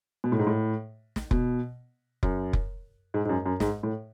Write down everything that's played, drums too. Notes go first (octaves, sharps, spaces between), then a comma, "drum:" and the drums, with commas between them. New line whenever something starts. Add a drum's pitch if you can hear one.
B2
A2
G#2
A2
drum: snare
B2, drum: kick F1
F#2, drum: kick F1
drum: kick F1
G#2
G#2
F#2
F#2
G#2, drum: snare
A2